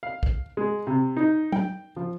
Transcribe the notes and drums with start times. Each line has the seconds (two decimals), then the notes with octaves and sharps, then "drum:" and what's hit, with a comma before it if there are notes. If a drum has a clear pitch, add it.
0.03 F5
0.23 drum: kick A#1
0.57 G#3
0.87 C3
1.17 D#4
1.52 G5, drum: tom F#3
1.96 F3